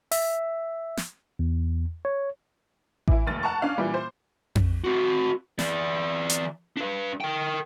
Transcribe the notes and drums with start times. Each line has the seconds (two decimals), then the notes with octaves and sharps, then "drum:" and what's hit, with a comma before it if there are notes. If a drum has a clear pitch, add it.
0.12 E5, drum: open hi-hat
0.97 drum: snare
1.39 E2
2.05 C#5
3.08 E3 E4, drum: kick A1
3.27 F1 D#2 A6
3.43 F#5 A5 A#5 C#6
3.62 C#4 D4 F5 F#6
3.78 A#2 E3 G3
3.94 C5
4.55 drum: tom F2
4.84 C4 F#4
5.59 E3 D5, drum: snare
6.29 drum: hi-hat
6.77 D4 B4
7.21 A#4 G5